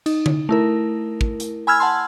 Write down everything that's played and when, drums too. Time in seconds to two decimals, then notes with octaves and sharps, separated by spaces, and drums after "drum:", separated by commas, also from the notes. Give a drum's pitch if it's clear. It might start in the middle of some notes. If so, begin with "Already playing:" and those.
0.06 D#4, drum: cymbal
0.26 drum: tom D3
0.49 A3 E4 A#4
1.21 drum: kick
1.40 drum: hi-hat
1.67 G#5 B5 E6 F6 G#6
1.80 F#5 A5 C6